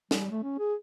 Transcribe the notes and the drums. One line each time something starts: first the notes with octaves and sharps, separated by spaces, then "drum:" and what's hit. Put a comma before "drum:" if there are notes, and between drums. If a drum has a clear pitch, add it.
G3, drum: snare
A3
C#4
G#4